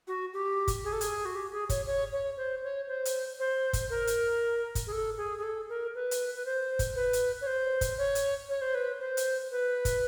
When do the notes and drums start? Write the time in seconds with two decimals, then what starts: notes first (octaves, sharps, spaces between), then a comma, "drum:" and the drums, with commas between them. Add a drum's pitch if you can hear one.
0.08 F#4
0.33 G4
0.68 drum: kick, hi-hat
0.84 G#4
0.93 A4
1.01 G#4, drum: hi-hat
1.25 F#4
1.35 G4
1.53 G#4
1.69 C#5, drum: kick, hi-hat
1.86 C#5
2.12 C#5
2.37 C5
2.63 C#5
2.88 C5
3.05 drum: hi-hat
3.39 C5
3.73 drum: kick, hi-hat
3.90 A#4
4.07 drum: hi-hat
4.75 drum: kick, hi-hat
4.87 G#4
4.92 A4
5.17 G#4
5.38 G#4
5.43 A4
5.69 A#4
5.95 B4
6.11 drum: hi-hat
6.35 B4
6.45 C5
6.79 drum: kick, hi-hat
6.96 B4
7.13 drum: hi-hat
7.41 C#5
7.47 C5
7.81 drum: kick, hi-hat
7.98 C#5
8.15 drum: hi-hat
8.49 C#5
8.61 C5
8.75 B4
9.00 C5
9.17 drum: hi-hat
9.52 B4
9.85 drum: kick, hi-hat